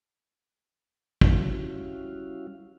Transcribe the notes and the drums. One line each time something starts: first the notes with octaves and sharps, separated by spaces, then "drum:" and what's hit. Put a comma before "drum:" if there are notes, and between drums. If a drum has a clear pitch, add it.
G3 C#4 E4 F#4 F5, drum: kick